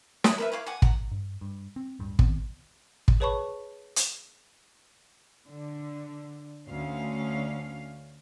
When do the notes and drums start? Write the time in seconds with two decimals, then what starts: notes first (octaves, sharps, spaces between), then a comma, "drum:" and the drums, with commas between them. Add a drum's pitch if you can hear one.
0.24 E4 D5 D#6, drum: snare
0.38 A#4 B4 E5
0.52 E4 C#5 F5 D6
0.66 F#5 G#5 D6
0.82 F#5 A#5, drum: kick
1.11 G2
1.41 G2
1.76 C4
1.99 D1 G2
2.19 D#3 B3 C4, drum: kick
3.08 drum: kick
3.20 G#4 B4 C#5 A5 B5 C#6
3.96 drum: hi-hat
5.47 D3
6.68 D2 C#4 F5